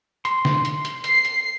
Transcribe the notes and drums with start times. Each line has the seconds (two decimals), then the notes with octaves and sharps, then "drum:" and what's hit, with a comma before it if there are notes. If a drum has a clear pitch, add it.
0.25 C6, drum: hi-hat
0.45 drum: snare
0.65 drum: hi-hat
0.85 drum: hi-hat
1.04 C7, drum: hi-hat
1.25 drum: hi-hat